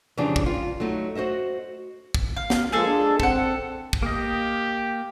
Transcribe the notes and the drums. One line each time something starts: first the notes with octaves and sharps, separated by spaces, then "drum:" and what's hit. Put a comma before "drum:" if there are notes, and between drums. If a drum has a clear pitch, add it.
F2 C#3 E3 G#3 D4 G4
drum: kick
F4
F#3 A3 D#4
F#4 C5 D#5 E5
drum: kick
F5
drum: snare
F3 G#3 A#3 G#4 A4
G#3 D4
C4 A4 F#5, drum: kick
drum: kick
A#3 G4 D#5